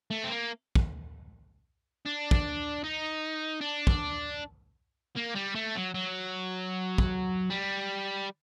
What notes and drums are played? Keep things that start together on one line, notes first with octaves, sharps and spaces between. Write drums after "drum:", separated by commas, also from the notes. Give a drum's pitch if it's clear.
A3
C4
A#3
drum: kick
D4
drum: kick
D#4
D4
drum: kick
A#3
G3
A3
F#3
F#3
drum: kick
G3